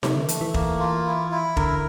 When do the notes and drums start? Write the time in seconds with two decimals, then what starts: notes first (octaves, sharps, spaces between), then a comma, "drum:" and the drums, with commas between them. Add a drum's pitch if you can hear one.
0.03 C3 A3, drum: snare D#4
0.16 D3
0.29 E3 A3, drum: hi-hat
0.41 E3
0.54 A#3, drum: kick
0.80 F4
1.06 E4
1.32 E4
1.57 D3 A#4, drum: kick